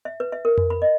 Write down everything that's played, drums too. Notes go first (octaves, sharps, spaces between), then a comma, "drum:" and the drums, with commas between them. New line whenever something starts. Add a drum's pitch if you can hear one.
E5
B4
E5
A#4
drum: tom F2
B5
D#5